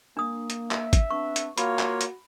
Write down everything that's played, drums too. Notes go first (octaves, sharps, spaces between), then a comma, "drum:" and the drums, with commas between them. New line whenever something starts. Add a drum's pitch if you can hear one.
A#3 D4 D#6
drum: hi-hat
E5, drum: clap
drum: kick G#1, hi-hat
B3 C4 D4 C#6
drum: hi-hat
A#3 F4 F#4 C#5 B5, drum: hi-hat
drum: clap
drum: hi-hat